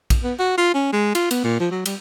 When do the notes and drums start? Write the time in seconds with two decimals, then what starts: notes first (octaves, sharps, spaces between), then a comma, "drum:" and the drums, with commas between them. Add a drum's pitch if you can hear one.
0.10 drum: kick A#1, cymbal
0.23 B3
0.39 F#4
0.58 F4
0.74 C#4
0.93 G#3
1.15 F4, drum: cymbal
1.31 B3, drum: cymbal
1.44 A#2
1.60 F3
1.71 F#3
1.86 G3, drum: cymbal